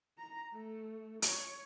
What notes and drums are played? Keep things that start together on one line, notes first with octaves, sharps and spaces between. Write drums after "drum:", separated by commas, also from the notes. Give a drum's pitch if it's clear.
A#5
A3
C#5, drum: hi-hat